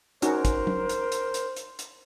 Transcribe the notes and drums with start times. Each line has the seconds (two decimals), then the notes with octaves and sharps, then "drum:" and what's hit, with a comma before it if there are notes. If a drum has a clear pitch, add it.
0.22 C#4 D#4 F#4 A#4 C5, drum: hi-hat
0.45 drum: kick, hi-hat
0.67 drum: tom
0.89 drum: hi-hat
1.12 drum: hi-hat
1.34 drum: hi-hat
1.56 drum: hi-hat
1.79 drum: hi-hat